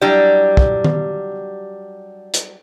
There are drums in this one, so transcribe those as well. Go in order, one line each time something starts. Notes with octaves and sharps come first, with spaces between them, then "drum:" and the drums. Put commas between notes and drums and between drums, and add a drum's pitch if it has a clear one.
F#3 G3 D4 E4 G4 D5
drum: kick
drum: tom D#3
drum: hi-hat